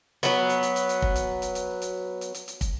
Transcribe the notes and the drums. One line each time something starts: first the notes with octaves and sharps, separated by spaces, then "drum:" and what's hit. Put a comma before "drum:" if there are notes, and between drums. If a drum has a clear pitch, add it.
F#3 B3, drum: hi-hat
drum: hi-hat
drum: hi-hat
drum: hi-hat
drum: hi-hat
drum: kick
drum: hi-hat
drum: hi-hat
drum: hi-hat
drum: hi-hat
drum: hi-hat
drum: hi-hat
drum: hi-hat
drum: kick, hi-hat